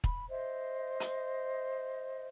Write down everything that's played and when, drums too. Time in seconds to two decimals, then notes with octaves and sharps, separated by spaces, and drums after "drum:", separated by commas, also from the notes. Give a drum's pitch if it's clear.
0.04 B5, drum: kick
0.29 C5 D#5 E5
1.00 drum: hi-hat